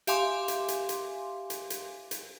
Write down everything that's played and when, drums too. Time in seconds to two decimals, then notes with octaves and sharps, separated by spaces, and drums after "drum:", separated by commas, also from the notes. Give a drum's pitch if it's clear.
0.07 G4 E5 F5 G#5 C6 D6, drum: hi-hat
0.48 drum: hi-hat
0.68 drum: hi-hat
0.89 drum: hi-hat
1.50 drum: hi-hat
1.70 drum: hi-hat
2.11 drum: hi-hat